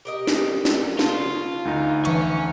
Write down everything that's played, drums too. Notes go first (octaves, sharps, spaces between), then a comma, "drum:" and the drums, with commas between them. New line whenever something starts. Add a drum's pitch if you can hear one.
G4 A#4 D#5
drum: snare
drum: snare
C#3 F4 A5, drum: snare
D2 D#4
E3 C#5 E5 G#5 A5 C#6, drum: hi-hat